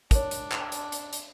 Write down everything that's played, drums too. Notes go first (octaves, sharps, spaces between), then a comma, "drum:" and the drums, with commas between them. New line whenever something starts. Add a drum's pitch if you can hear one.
D4 A#4 C#5, drum: kick, hi-hat
drum: hi-hat
drum: clap
drum: hi-hat
drum: hi-hat
drum: hi-hat